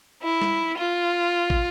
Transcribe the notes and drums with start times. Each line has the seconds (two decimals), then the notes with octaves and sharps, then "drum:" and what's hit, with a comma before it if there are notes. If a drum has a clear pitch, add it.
0.23 E4
0.41 drum: snare
0.78 F4
1.50 drum: kick